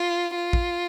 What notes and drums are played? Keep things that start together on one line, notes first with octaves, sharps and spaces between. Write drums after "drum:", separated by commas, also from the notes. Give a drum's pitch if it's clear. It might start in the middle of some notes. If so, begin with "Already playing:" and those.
Already playing: F4
F4
drum: kick